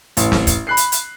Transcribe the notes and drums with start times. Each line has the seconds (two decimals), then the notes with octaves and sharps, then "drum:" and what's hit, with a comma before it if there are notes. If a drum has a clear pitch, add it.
0.17 A1, drum: hi-hat
0.32 drum: snare
0.47 drum: kick, hi-hat
0.67 B5 F#6 C7
0.77 drum: hi-hat
0.92 drum: hi-hat